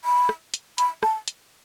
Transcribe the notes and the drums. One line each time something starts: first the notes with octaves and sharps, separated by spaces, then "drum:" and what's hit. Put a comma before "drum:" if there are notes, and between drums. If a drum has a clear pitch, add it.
B5
drum: rim click
drum: hi-hat
B5, drum: hi-hat
A5, drum: rim click
drum: hi-hat